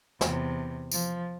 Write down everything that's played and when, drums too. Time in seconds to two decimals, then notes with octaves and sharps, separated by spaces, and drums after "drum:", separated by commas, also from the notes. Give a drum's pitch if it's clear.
0.21 E2 C3, drum: snare
0.92 F3, drum: tambourine